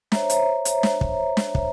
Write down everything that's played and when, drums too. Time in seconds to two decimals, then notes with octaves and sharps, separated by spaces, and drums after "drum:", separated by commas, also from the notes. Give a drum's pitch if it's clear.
0.12 C5 C#5 E5 A#5, drum: snare
0.30 drum: hi-hat
0.65 drum: hi-hat
0.83 drum: snare
1.01 drum: kick
1.37 drum: snare
1.55 drum: kick